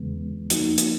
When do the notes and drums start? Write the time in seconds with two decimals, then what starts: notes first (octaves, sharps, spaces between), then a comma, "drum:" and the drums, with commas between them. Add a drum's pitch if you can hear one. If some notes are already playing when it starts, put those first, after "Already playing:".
Already playing: E2 C#3 E3 G#3 B3
0.50 F3 A#3 D#4 F#4, drum: hi-hat
0.78 drum: hi-hat